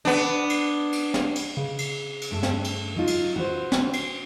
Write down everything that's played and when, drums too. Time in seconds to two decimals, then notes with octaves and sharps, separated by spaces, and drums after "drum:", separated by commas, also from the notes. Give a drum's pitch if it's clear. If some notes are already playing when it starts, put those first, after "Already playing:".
0.05 B3 D4
0.50 drum: cymbal
0.93 drum: cymbal
1.14 drum: snare
1.35 drum: cymbal
1.57 C#3
1.78 drum: cymbal
2.21 drum: cymbal
2.31 G2 A3 A4
2.43 drum: snare
2.64 drum: cymbal
2.96 F#3 D#4 F4
3.07 drum: cymbal
3.36 F#4 B4 C5
3.72 drum: snare
3.93 drum: cymbal